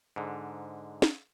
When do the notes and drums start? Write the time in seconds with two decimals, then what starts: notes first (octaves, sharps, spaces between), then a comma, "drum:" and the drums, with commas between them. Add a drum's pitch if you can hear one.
0.16 G#2 D3
1.02 drum: snare